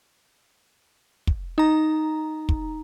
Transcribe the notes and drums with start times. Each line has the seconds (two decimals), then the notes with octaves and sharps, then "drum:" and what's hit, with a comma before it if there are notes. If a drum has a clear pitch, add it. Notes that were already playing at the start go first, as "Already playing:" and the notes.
1.27 drum: kick
1.58 D#4 A#5
2.49 drum: kick